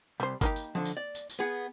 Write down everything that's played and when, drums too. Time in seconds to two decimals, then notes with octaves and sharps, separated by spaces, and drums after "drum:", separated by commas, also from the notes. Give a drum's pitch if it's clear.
0.20 C2 G3 C5
0.41 A#3 D#4 G4 B5, drum: kick G1, tambourine
0.56 drum: tambourine
0.75 D3 F3
0.85 drum: tambourine
0.97 D5
1.15 drum: tambourine
1.30 drum: tambourine
1.39 B3 G#4 F#5